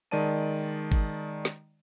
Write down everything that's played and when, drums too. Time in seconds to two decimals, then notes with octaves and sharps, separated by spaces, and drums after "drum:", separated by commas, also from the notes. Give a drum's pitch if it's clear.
0.11 D#3 G#3 D5 D#5 A5 D#7
0.92 drum: kick G1, open hi-hat
1.45 drum: snare